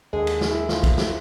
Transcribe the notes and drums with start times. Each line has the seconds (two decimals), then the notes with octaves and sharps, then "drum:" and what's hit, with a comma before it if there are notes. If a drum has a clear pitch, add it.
0.13 D#2 D3 G#3 G#4
0.27 drum: cymbal
0.41 drum: snare
0.51 E4
0.69 F3 F4, drum: snare
0.84 drum: kick, cymbal
0.98 drum: snare